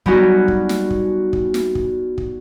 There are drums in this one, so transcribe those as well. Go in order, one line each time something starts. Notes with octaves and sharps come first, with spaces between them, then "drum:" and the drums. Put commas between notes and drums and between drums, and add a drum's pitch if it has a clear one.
G3 B3 C#4 D#4 F#4, drum: kick
drum: kick
drum: snare
drum: kick
drum: kick
drum: snare
drum: kick
drum: kick